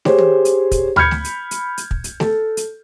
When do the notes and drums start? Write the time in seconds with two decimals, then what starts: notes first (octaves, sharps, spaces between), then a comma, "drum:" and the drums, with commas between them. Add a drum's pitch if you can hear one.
0.05 G4 G#4 C5 C#5, drum: snare
0.18 drum: tom
0.45 drum: hi-hat
0.71 drum: kick, hi-hat
0.96 B5 F6 G6 G#6 C#7, drum: tom D2
1.11 drum: snare
1.24 drum: hi-hat
1.51 drum: hi-hat
1.78 drum: hi-hat
1.91 drum: kick
2.04 drum: hi-hat
2.20 A4, drum: snare
2.57 drum: hi-hat